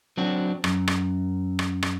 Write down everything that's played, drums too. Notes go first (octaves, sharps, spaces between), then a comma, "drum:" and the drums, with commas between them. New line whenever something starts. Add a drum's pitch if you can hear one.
F#3 C4 D4 F#4
F#2, drum: rim click
drum: rim click
drum: rim click
drum: rim click